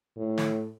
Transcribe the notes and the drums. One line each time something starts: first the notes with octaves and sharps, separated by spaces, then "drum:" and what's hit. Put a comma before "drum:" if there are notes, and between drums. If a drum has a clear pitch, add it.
A2
drum: snare